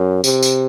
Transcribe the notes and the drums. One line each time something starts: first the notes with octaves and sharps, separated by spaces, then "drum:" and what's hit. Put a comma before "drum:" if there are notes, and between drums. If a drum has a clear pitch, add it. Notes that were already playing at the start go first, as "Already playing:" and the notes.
Already playing: F#2
C3, drum: tambourine
drum: tambourine